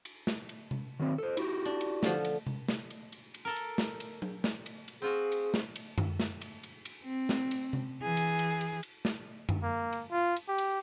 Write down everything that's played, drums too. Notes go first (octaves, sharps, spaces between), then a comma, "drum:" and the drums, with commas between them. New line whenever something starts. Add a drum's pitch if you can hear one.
drum: cymbal
drum: snare
drum: cymbal
drum: tom C3
D#3 F#3 C4
A4 C5
E4 F#4 G4, drum: cymbal
D4
drum: cymbal
D3 F3, drum: snare
drum: cymbal
drum: tom C3
drum: snare
drum: cymbal
drum: cymbal
drum: cymbal
A4 A#4
drum: cymbal
drum: snare
drum: cymbal
drum: tom F#3
drum: snare
drum: cymbal
drum: cymbal
C4 F4 F#4 G#4
drum: cymbal
drum: snare
drum: cymbal
drum: tom F#2
drum: snare
drum: cymbal
drum: cymbal
drum: cymbal
C4
drum: snare
drum: cymbal
drum: tom C3
E3 G#4
drum: cymbal
drum: cymbal
drum: cymbal
drum: cymbal
drum: snare
drum: tom F#2
A#3
drum: cymbal
F4
drum: cymbal
G4
drum: cymbal